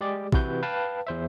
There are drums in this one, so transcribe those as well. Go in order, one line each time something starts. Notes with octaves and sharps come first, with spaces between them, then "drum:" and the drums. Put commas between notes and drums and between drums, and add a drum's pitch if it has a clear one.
G#3 G4 G#4 D5
C3 E3 F#4 B4 G6, drum: kick A#1
B4 F5 G5 A5
E2 C5 E5